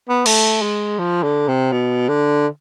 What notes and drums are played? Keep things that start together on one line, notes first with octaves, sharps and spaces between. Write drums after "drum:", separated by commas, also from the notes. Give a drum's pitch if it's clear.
B3
A3, drum: cymbal
G#3
F3
D3
C3
B2
D3